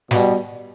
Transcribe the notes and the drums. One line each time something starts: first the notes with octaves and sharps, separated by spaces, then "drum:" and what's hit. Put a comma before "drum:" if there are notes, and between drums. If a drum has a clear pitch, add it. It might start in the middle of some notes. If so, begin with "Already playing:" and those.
B2 G3, drum: snare